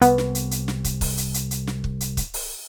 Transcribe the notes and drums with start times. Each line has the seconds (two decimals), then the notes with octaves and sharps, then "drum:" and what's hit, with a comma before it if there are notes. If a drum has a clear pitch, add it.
0.02 C2 B3, drum: hi-hat
0.18 drum: snare
0.35 drum: hi-hat
0.51 drum: hi-hat
0.68 drum: snare
0.84 drum: kick, hi-hat
1.01 drum: kick, open hi-hat
1.18 drum: hi-hat
1.34 drum: hi-hat
1.51 drum: hi-hat
1.67 drum: snare
1.84 drum: kick
2.00 drum: hi-hat
2.17 drum: kick, hi-hat
2.34 drum: open hi-hat